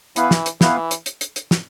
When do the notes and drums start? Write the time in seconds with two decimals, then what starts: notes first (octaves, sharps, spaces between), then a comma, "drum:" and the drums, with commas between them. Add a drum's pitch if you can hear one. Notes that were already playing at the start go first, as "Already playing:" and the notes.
0.16 E3 B3 E4 B4 F5, drum: hi-hat
0.31 drum: snare
0.46 drum: hi-hat
0.61 E3 B3 E4 B4 F5, drum: snare
0.91 drum: hi-hat
1.06 drum: hi-hat
1.21 drum: hi-hat
1.36 drum: hi-hat
1.51 drum: snare